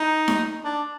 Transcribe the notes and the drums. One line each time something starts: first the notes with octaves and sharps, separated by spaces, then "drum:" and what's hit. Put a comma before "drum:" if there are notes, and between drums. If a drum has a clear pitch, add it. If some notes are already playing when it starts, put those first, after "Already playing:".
Already playing: D#4
drum: snare D#4
D4